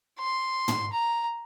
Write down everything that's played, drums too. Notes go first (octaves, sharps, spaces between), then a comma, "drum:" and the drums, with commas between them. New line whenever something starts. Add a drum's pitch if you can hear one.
C6
drum: tom
A#5